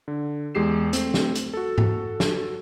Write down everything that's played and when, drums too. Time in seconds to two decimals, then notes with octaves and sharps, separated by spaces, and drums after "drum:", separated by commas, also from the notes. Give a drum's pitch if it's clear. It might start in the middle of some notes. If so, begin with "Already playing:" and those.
0.08 D3
0.55 E2 G#3 G4 C7 E7
0.93 A3 C4, drum: hi-hat
1.14 drum: snare
1.35 drum: hi-hat
1.53 F#4 A4
1.78 drum: tom G#2
2.20 drum: snare